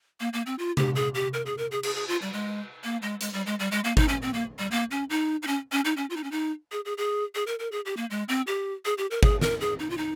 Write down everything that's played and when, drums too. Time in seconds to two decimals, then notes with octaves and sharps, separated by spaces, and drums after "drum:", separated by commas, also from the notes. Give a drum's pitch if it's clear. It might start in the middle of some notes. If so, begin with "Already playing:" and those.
0.20 A#3
0.33 A#3
0.46 C4
0.59 F4
0.77 G4, drum: tom C3
0.95 G#4
1.15 G4
1.33 A#4
1.46 G#4
1.58 A#4
1.71 G#4
1.83 G#4, drum: cymbal
1.95 G#4
2.08 F4
2.22 G3
2.33 G#3
2.84 A#3
3.02 G#3
3.21 G#3, drum: hi-hat
3.33 G3
3.46 G#3
3.59 G3
3.71 G#3
3.84 A#3
3.97 D#4, drum: kick
4.08 C#4
4.22 C4
4.33 A#3
4.59 G3
4.71 A#3
4.91 C#4
5.10 D#4
5.42 D#4
5.47 C#4
5.72 C#4
5.85 D#4
5.97 C#4
6.10 F4
6.16 D#4
6.24 C#4
6.31 D#4
6.72 G#4
6.85 G#4
6.98 G#4
7.35 G#4
7.47 A#4
7.59 A#4
7.72 G#4
7.85 G4
7.97 A#3
8.10 G#3
8.28 C4
8.47 G4
8.85 G#4
8.98 G4
9.11 A#4
9.23 G#4, drum: kick
9.41 A#4, drum: snare
9.61 G#4
9.79 D#4
9.90 F4
9.97 D#4